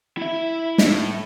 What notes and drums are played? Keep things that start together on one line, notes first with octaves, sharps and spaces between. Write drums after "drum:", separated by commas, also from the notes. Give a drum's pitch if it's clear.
E4 E5
A2, drum: snare